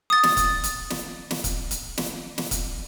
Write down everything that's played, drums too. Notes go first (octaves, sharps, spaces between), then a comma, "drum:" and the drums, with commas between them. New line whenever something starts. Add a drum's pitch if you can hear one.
D#6 A6
drum: snare
drum: kick C#1, hi-hat
drum: hi-hat
drum: snare
drum: snare
drum: kick C#1, hi-hat
drum: hi-hat
drum: snare
drum: snare
drum: kick C#1, hi-hat